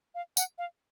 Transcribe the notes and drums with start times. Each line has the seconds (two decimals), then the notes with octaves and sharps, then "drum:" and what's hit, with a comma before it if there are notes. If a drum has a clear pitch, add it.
0.15 F5
0.37 F#5, drum: tambourine
0.58 F5